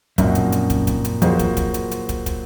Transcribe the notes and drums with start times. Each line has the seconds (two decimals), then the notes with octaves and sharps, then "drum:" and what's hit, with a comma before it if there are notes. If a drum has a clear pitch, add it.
0.18 F#2 A#2 F3 C4 D#4 F#4, drum: kick, hi-hat
0.35 drum: hi-hat
0.52 drum: hi-hat
0.70 drum: kick, hi-hat
0.87 drum: kick, hi-hat
1.05 drum: hi-hat
1.22 F2 F#3 A#3 F4 G#4 C5, drum: hi-hat
1.39 drum: kick, hi-hat
1.57 drum: kick, hi-hat
1.74 drum: hi-hat
1.91 drum: hi-hat
2.09 drum: kick, hi-hat
2.26 drum: kick, hi-hat